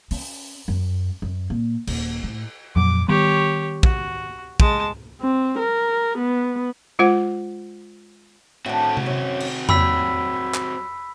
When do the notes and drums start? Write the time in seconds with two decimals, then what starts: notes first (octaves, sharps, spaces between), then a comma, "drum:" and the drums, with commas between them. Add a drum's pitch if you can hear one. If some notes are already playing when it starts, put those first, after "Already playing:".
0.11 C#4, drum: open hi-hat
0.68 F#2
1.22 F#2
1.50 A#2
1.87 D#1, drum: cymbal
2.23 A2
2.76 F2 A#2 F#3 D6
3.08 D#3 G3 B3 G4 C#5
3.83 F#4, drum: kick
4.60 G#3 A5, drum: kick
5.21 C4
5.59 A#4
6.18 B3
6.99 G#3 F4 C5 F#5
8.66 A2 C4 D4 F#4
8.97 drum: tom C3
9.06 F#2 C#4
9.40 drum: cymbal
9.69 F#3 G3 G4 B5 E6 B6, drum: tom E2
10.54 drum: clap